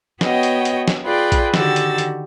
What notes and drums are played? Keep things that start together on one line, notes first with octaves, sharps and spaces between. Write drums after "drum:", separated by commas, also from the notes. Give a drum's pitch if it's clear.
B3 F#4 C#5 D#5 G5, drum: snare
drum: hi-hat
drum: hi-hat
drum: snare
F4 G#4 B4 D5 G5
drum: kick A#1, hi-hat
D3 D#3 F#4 G4 E6 A6, drum: snare
drum: hi-hat
drum: hi-hat